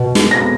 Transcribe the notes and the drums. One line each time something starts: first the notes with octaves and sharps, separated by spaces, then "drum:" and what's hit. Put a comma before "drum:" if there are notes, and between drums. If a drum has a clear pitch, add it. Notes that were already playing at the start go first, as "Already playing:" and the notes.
Already playing: B2
G#3, drum: snare
A#6